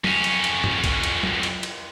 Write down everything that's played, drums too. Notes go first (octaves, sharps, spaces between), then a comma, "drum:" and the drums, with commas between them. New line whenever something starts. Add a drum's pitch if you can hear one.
F2 C#4, drum: tom F#3
drum: cymbal
drum: cymbal
drum: tom G2
drum: kick, cymbal
drum: cymbal
drum: tom F#3
drum: cymbal
drum: cymbal